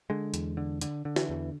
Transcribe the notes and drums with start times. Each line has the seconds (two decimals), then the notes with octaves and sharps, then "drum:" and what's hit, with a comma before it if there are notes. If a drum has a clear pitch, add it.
0.10 D3 G#3
0.34 E2, drum: hi-hat
0.57 D3
0.81 D3, drum: hi-hat
1.05 D3
1.16 E3, drum: snare
1.29 E2